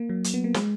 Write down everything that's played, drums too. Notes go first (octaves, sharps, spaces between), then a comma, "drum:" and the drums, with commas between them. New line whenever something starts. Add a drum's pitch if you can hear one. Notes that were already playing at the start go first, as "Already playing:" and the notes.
Already playing: A#3
F#3
drum: hi-hat
B3
A#3
G#3, drum: snare